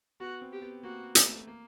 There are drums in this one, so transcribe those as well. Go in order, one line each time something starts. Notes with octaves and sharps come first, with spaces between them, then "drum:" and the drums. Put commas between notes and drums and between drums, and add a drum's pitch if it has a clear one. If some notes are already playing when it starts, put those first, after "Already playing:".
B3 F#4
C4
G4
B3
A#3 F#4
A3, drum: hi-hat
A#3